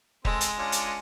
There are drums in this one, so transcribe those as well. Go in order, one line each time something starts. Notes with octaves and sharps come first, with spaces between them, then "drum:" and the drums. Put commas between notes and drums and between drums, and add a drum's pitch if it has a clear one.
G#3 C4 A4 C6, drum: kick
drum: hi-hat
C#4 D4 F4
drum: hi-hat